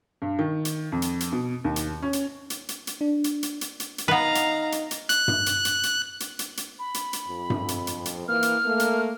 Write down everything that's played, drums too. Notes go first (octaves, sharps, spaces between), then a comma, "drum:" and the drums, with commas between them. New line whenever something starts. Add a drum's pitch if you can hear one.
G2
D#3
drum: hi-hat
F2
drum: hi-hat
drum: hi-hat
B2
D#2
drum: hi-hat
C#4
drum: hi-hat
drum: hi-hat
drum: hi-hat
drum: hi-hat
D4
drum: hi-hat
drum: hi-hat
drum: hi-hat
drum: hi-hat
drum: hi-hat
B3 D#4 B4 F5 A#5
drum: hi-hat
drum: hi-hat
drum: hi-hat
F#6, drum: hi-hat
drum: tom G2
drum: hi-hat
drum: hi-hat
drum: hi-hat
drum: hi-hat
drum: hi-hat
drum: hi-hat
B5
drum: hi-hat
drum: hi-hat
F2
drum: tom G2
drum: hi-hat
drum: hi-hat
drum: hi-hat
E3 A#3 F6
drum: hi-hat
A3 A#3
drum: hi-hat